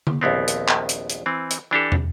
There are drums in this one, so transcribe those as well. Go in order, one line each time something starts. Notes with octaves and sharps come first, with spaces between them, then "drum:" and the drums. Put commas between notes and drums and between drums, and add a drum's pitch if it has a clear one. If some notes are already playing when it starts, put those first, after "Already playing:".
drum: tom D3
A#1 D#2 B3 C4
drum: hi-hat
drum: clap
drum: hi-hat
drum: hi-hat
E3 C4
drum: hi-hat
E3 D4 G4 A4
drum: tom